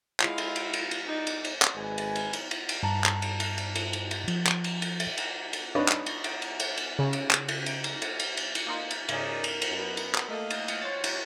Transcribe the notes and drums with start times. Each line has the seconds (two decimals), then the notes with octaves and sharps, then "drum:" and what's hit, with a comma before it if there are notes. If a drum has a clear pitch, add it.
0.20 G#3 E4 F4 F5, drum: clap
0.38 drum: cymbal
0.56 drum: cymbal
0.73 drum: cymbal
0.91 drum: cymbal
1.06 D#4 D5
1.27 drum: cymbal
1.44 drum: cymbal
1.62 drum: clap
1.75 G#1 G#3 B4 G#5
1.98 drum: cymbal
2.16 drum: cymbal
2.33 drum: cymbal
2.51 drum: cymbal
2.69 drum: cymbal
2.83 G2 A5 A#5
3.04 drum: clap
3.22 drum: cymbal
3.40 drum: cymbal
3.58 drum: cymbal
3.75 drum: cymbal
3.93 drum: cymbal
4.11 drum: cymbal
4.28 F3, drum: cymbal
4.46 drum: clap
4.64 drum: cymbal
4.82 drum: cymbal
5.00 drum: cymbal
5.18 drum: cymbal
5.53 drum: cymbal
5.75 D4 D#4 B4 C#5 D#5
5.89 drum: clap
6.06 drum: cymbal
6.24 drum: cymbal
6.42 drum: cymbal
6.60 drum: cymbal
6.77 drum: cymbal
6.99 C#3
7.13 drum: cymbal
7.31 drum: clap
7.48 drum: cymbal
7.66 drum: cymbal
7.84 drum: cymbal
8.02 drum: cymbal
8.20 drum: cymbal
8.37 drum: cymbal
8.55 drum: cymbal
8.67 A#3 D#4 F4
8.91 drum: cymbal
9.09 G#2 C#3 C#4 D#4 A#4 D5 G#6, drum: cymbal
9.44 drum: cymbal
9.62 drum: cymbal
9.71 F#2 B3
9.97 drum: cymbal
10.15 drum: clap
10.28 A3 A#3 A4 D#5 F5
10.50 drum: cymbal
10.68 drum: cymbal
10.81 C5 C#5 A6
11.04 drum: cymbal